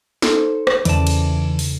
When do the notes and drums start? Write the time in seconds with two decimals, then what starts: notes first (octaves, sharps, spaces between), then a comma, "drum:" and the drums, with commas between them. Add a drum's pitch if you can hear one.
0.22 D#4 A4 C5, drum: snare
0.67 drum: rim click
0.85 E2 C#3 E3 D5 A5, drum: hi-hat
1.07 drum: cymbal
1.59 drum: open hi-hat